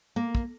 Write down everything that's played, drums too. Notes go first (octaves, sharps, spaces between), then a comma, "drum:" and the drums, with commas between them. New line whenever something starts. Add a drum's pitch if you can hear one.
A#3
drum: kick